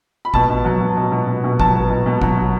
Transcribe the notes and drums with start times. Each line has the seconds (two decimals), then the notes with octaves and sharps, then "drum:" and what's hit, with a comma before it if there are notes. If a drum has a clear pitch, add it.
0.25 B5
0.34 B2 A5, drum: kick
0.50 B2
0.65 F#3
0.81 B2
0.97 B2
1.11 B2
1.27 B2
1.44 B2
1.60 F#3 A5, drum: kick
1.75 B3
1.90 B2
2.06 B2
2.22 F#3, drum: kick
2.37 F#3